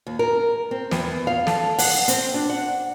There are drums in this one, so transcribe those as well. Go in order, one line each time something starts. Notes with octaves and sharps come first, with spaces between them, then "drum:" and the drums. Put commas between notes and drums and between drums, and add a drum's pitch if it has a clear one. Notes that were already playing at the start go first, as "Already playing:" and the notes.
D#2
A#4
C4
E2, drum: snare
F5
A4, drum: snare
F#5, drum: open hi-hat
C4, drum: hi-hat
D4
F#5